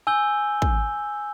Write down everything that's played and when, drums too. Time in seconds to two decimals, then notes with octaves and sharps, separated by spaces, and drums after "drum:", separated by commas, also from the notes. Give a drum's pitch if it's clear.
0.07 G#5 E6 G6 G7
0.62 drum: kick